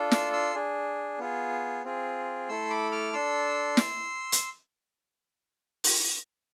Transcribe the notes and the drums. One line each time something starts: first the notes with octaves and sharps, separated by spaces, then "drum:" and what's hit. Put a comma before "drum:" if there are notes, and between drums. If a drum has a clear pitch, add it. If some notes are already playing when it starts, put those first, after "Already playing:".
Already playing: D4 F4 A4
C6 E6, drum: snare
C6 E6
D4 G#4
B3 F4 G#4
C4 F4 G#4
A3 E4 A4 C6 E6
B5 D6
D6 F6
D4 A4 C6 E6
drum: snare
drum: hi-hat
drum: open hi-hat